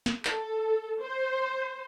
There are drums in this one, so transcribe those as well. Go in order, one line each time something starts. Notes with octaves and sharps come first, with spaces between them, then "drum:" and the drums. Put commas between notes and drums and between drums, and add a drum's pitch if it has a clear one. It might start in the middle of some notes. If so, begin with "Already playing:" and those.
drum: snare
A4, drum: clap
C5